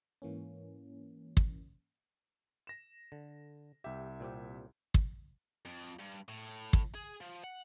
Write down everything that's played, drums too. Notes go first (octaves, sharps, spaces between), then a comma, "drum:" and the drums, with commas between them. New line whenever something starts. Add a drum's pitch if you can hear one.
G#2 E3 A#3 C#4
drum: kick
A#6 E7
D3
C2 G4 E5
A#2 C4 G4
drum: kick
F2
G2
A2
drum: kick
G#4
F3
F#5